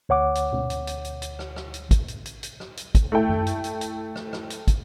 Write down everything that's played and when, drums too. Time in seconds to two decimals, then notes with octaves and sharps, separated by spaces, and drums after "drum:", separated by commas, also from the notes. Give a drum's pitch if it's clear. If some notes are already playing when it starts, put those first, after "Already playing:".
0.09 D2 C#5 F#5 D6
0.35 drum: hi-hat
0.53 drum: tom B2
0.70 drum: hi-hat
0.87 drum: hi-hat
1.04 drum: hi-hat
1.22 drum: hi-hat
1.39 drum: rim click
1.56 drum: rim click
1.74 drum: hi-hat
1.91 drum: kick, hi-hat
2.08 drum: hi-hat
2.26 drum: hi-hat
2.43 drum: hi-hat
2.60 drum: rim click
2.77 drum: hi-hat
2.95 drum: kick, hi-hat
3.12 A3 E4 A4 G5
3.29 drum: tom F#2
3.47 drum: hi-hat
3.64 drum: hi-hat
3.81 drum: hi-hat
4.16 drum: rim click
4.33 drum: rim click
4.50 drum: hi-hat
4.68 drum: kick, hi-hat